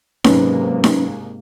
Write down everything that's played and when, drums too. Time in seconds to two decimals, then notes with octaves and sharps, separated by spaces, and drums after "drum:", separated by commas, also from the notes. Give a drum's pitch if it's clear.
0.24 G#2 C3 F#3 A#3 C#4 B4, drum: snare D#4
0.84 drum: snare D#4